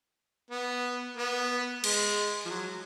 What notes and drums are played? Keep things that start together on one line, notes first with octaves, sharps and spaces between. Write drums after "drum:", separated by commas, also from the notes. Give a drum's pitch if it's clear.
B3
B3
G#3, drum: cymbal
F3
F#3